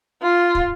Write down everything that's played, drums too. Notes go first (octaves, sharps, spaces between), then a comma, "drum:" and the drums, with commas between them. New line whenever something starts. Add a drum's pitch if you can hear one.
F4
drum: kick